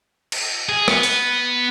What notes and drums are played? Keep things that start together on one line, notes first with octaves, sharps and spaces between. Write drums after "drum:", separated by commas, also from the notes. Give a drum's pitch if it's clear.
drum: cymbal
G#4
B3, drum: rim click
drum: hi-hat